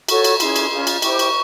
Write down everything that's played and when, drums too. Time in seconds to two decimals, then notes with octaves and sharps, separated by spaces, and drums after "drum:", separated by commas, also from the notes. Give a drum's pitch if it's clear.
0.09 F#4 A4 C#5 C#6, drum: cymbal
0.24 C#6, drum: cymbal
0.40 C#4 E4 G#4 C6, drum: cymbal
0.56 drum: cymbal
0.72 C#4 F4 G#4
0.87 drum: cymbal
1.02 E4 G4 C5 C#6, drum: cymbal
1.11 D6
1.19 C#6, drum: cymbal